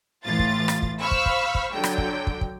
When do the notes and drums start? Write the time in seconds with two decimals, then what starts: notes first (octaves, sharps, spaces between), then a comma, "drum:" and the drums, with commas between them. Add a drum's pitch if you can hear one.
0.25 A2 E3 F4 A6
0.39 drum: kick
0.68 drum: rim click
0.82 drum: kick
1.01 C5 F5 B5 C#6 E6
1.11 drum: kick
1.26 drum: kick
1.55 drum: kick
1.73 D3 F#3 G5
1.84 drum: rim click
1.98 drum: kick
2.27 drum: kick
2.41 drum: kick